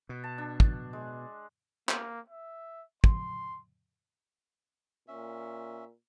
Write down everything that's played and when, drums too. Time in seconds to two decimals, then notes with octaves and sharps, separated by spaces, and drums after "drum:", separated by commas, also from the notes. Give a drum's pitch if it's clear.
0.09 B2
0.24 A5
0.38 D4
0.60 drum: kick
0.93 G#3
1.89 A#3, drum: clap
2.30 E5
3.04 C6, drum: kick
5.08 A#2 C#4 E5